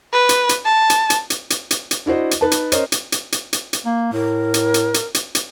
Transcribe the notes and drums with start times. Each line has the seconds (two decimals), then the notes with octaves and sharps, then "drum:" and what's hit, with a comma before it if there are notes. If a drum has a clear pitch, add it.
0.13 B4
0.29 drum: hi-hat
0.49 drum: hi-hat
0.65 A5
0.90 drum: hi-hat
1.10 drum: hi-hat
1.30 drum: hi-hat
1.50 drum: hi-hat
1.71 drum: hi-hat
1.91 drum: hi-hat
2.06 D4 E4 F#4 C5 D#5
2.31 drum: hi-hat
2.41 D#4 B4 A5
2.51 drum: hi-hat
2.72 C#4 A#4 C5 D#5, drum: hi-hat
2.92 drum: hi-hat
3.12 drum: hi-hat
3.32 drum: hi-hat
3.53 drum: hi-hat
3.73 drum: hi-hat
3.86 A#3
4.13 A2 A#4
4.54 drum: hi-hat
4.74 drum: hi-hat
4.94 drum: hi-hat
5.14 drum: hi-hat
5.35 drum: hi-hat